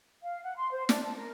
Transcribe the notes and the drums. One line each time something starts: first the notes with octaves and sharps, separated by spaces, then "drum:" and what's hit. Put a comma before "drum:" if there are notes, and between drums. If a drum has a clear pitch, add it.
F5
F#5
C6
C5
D4, drum: snare
A5
A#4